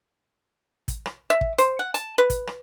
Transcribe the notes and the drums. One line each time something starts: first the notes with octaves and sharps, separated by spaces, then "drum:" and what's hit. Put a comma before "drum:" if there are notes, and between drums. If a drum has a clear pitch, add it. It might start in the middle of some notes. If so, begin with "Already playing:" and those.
drum: kick, hi-hat
drum: rim click
E5
drum: kick
C5, drum: hi-hat
F#5
A5, drum: hi-hat
B4
drum: kick, hi-hat
drum: rim click